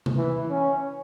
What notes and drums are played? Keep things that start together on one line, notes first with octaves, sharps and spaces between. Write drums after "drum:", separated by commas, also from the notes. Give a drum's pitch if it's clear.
drum: tom
E3
C#4